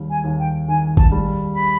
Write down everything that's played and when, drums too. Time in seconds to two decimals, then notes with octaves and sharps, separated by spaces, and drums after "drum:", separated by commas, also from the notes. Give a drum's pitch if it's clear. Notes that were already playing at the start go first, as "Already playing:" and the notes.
Already playing: D#2 G3
0.10 G#5
0.24 D#2
0.39 G5
0.68 D#3 G#5
0.97 A5, drum: kick A1
1.12 G3
1.55 B5